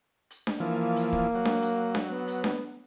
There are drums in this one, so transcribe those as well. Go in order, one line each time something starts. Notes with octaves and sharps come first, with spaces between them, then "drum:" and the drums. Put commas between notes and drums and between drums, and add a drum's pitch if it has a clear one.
drum: hi-hat
drum: snare D4
E3 F3 A#3
drum: hi-hat
drum: kick
F#3
drum: snare D4
drum: hi-hat
drum: snare D4
B3
drum: hi-hat
drum: snare D4